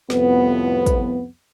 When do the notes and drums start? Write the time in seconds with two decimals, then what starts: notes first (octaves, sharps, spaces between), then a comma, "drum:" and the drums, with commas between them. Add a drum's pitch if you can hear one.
0.10 C2 F2 A2 F3 B3, drum: snare
0.86 drum: kick, hi-hat